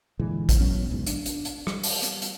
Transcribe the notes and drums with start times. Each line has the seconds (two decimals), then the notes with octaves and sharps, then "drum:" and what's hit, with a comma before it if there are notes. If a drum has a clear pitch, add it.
0.20 A#2 D3 E3 G#3
0.49 drum: kick, hi-hat
0.60 A#2 F#3 B3 C#4
0.91 B1 E2 G#2
1.06 D4, drum: hi-hat
1.26 drum: hi-hat
1.45 drum: hi-hat
1.67 G3, drum: rim click
1.83 drum: open hi-hat
2.03 drum: hi-hat
2.22 drum: hi-hat